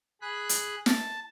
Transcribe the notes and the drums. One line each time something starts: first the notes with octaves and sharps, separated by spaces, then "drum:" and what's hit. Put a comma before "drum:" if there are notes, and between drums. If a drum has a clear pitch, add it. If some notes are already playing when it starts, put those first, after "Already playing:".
G#4 B5 F#6
drum: hi-hat
A5, drum: snare